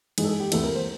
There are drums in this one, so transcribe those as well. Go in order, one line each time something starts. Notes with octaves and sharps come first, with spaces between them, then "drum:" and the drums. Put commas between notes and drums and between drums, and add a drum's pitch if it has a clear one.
G#2 E3 G#3 G#4, drum: cymbal
A4
G#4
G4
D2 C3 E3 A4, drum: cymbal
A#4
C5